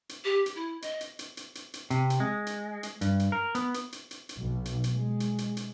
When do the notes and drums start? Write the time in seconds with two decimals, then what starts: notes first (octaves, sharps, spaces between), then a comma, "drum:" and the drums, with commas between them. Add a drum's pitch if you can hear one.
0.09 drum: hi-hat
0.25 G4
0.46 drum: hi-hat
0.55 E4
0.82 D#5, drum: hi-hat
1.01 drum: hi-hat
1.19 drum: hi-hat
1.37 drum: hi-hat
1.55 drum: hi-hat
1.74 drum: hi-hat
1.90 C3, drum: hi-hat
2.10 drum: hi-hat
2.20 G#3
2.47 drum: hi-hat
2.83 drum: hi-hat
3.01 G2, drum: hi-hat
3.20 drum: hi-hat
3.32 A#4
3.55 B3, drum: hi-hat
3.74 drum: hi-hat
3.92 drum: hi-hat
4.11 drum: hi-hat
4.29 drum: hi-hat
4.38 B1
4.65 drum: hi-hat
4.84 drum: hi-hat
4.96 G#3
5.20 drum: hi-hat
5.38 drum: hi-hat
5.57 drum: hi-hat